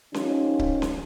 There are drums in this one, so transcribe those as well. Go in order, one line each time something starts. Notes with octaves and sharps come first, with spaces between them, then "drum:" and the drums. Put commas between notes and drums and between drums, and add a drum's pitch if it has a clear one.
D#3 F3 C#4 D#4 F4 G4, drum: snare C#4
drum: kick C#1
drum: snare C#4